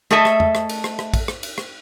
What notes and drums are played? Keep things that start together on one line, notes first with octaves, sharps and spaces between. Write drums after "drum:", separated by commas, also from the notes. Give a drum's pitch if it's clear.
A3 G#4 A4 D#5 E5
drum: rim click
drum: tom E2
drum: rim click
drum: cymbal
drum: rim click
drum: rim click
drum: kick, cymbal
drum: rim click
drum: cymbal
drum: rim click